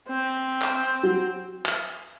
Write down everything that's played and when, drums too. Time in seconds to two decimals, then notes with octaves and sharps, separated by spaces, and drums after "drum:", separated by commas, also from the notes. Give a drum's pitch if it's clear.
0.09 C4
0.62 drum: clap
1.03 F#3
1.66 drum: clap